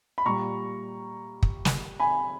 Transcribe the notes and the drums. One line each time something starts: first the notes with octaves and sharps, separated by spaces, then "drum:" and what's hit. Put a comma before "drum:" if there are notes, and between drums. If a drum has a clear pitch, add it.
B5
A#2 G3 A#5 C#6
drum: kick
drum: snare
G#5 B5